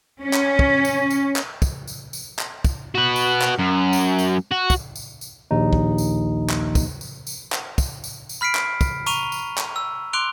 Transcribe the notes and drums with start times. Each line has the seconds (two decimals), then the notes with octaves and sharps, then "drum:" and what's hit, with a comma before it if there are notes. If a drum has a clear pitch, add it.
0.23 C#4
0.33 drum: clap
0.59 drum: kick
0.85 drum: tambourine
1.10 drum: tambourine
1.36 drum: clap
1.62 drum: kick, tambourine
1.87 drum: tambourine
2.13 drum: tambourine
2.39 drum: clap
2.64 drum: kick, tambourine
2.95 F#4 B4
3.16 drum: tambourine
3.42 drum: clap
3.59 F#2
3.93 drum: tambourine
4.19 drum: tambourine
4.52 F#4
4.70 drum: kick, tambourine
4.96 drum: tambourine
5.21 drum: tambourine
5.51 A#1 D#2 D#4
5.73 drum: kick
5.98 drum: tambourine
6.50 drum: clap
6.75 drum: kick, tambourine
7.01 drum: tambourine
7.27 drum: tambourine
7.52 drum: clap
7.78 drum: kick, tambourine
8.04 drum: tambourine
8.29 drum: tambourine
8.41 B5 F6 B6 C7 D7
8.55 drum: clap
8.81 drum: kick, tambourine
9.06 A#5 C#6 D#7 F7 G7, drum: tambourine
9.32 drum: tambourine
9.58 drum: clap
9.76 E6
10.13 C6 D6 F#6 D7 F7 G7